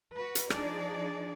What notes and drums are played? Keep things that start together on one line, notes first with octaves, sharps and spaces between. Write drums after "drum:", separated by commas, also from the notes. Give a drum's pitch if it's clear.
F#4 B4
drum: hi-hat
F3 D4 D#4 G#4 D5, drum: rim click